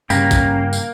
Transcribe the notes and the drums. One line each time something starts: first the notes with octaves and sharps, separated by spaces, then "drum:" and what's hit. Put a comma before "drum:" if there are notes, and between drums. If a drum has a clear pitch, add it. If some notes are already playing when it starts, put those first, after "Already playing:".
G2 C#3 A#3 C#4 G5 A#5 B5, drum: tambourine
drum: kick G#1, tambourine
drum: tambourine